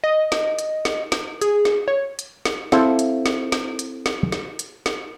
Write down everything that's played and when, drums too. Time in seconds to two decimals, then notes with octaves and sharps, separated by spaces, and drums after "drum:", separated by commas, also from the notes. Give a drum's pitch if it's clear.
0.04 D#5
0.32 drum: snare
0.59 drum: hi-hat
0.85 drum: snare
1.12 drum: snare
1.41 G#4, drum: hi-hat
1.65 drum: snare
1.88 C#5
2.19 drum: hi-hat
2.45 drum: snare
2.72 C4 E4 A4 F5, drum: snare
2.99 drum: hi-hat
3.26 drum: snare
3.52 drum: snare
3.79 drum: hi-hat
4.06 drum: snare
4.32 drum: snare
4.59 drum: hi-hat
4.86 drum: snare